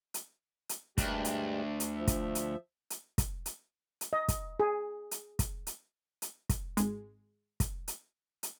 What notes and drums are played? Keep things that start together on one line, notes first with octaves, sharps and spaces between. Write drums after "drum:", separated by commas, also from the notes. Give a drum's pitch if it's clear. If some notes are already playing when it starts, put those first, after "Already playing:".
drum: hi-hat
drum: hi-hat
D2 G2 G#3 G4, drum: kick, hi-hat
drum: hi-hat
drum: hi-hat
F3 E5
drum: kick, hi-hat
drum: hi-hat
drum: hi-hat
drum: kick, hi-hat
drum: hi-hat
drum: hi-hat
D#5
drum: kick, hi-hat
G#4
drum: hi-hat
drum: kick, hi-hat
drum: hi-hat
drum: hi-hat
drum: kick, hi-hat
G#1 G#3, drum: hi-hat
drum: kick, hi-hat
drum: hi-hat
drum: hi-hat